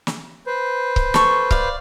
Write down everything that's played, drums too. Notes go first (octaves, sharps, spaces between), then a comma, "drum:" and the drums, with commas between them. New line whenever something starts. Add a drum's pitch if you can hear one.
drum: snare
B4 C5
drum: kick C#1
A4 C#6, drum: snare
D5 F5, drum: kick C#1